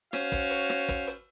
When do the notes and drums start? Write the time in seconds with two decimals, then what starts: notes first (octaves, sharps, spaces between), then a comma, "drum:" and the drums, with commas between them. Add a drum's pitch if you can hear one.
0.13 C#4 F#4 C5 C#5 F5, drum: rim click
0.32 drum: kick, hi-hat
0.51 drum: hi-hat
0.70 drum: rim click
0.88 drum: kick, hi-hat
1.07 drum: hi-hat